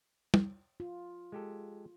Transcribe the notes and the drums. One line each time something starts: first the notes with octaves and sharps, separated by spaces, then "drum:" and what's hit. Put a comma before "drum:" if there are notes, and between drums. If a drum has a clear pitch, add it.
drum: tom
F4
G#3 G4 A4